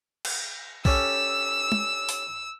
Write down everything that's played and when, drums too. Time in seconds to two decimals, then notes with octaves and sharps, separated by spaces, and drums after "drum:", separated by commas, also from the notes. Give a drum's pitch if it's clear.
0.25 drum: cymbal
0.85 C#4 G4 A4 E6, drum: kick B1
1.72 drum: tom
2.09 drum: open hi-hat